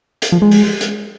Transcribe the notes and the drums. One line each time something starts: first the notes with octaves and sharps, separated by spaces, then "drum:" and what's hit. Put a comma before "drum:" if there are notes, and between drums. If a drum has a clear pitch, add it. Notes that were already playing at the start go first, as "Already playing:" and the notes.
drum: hi-hat
F3
G#3
drum: open hi-hat
drum: hi-hat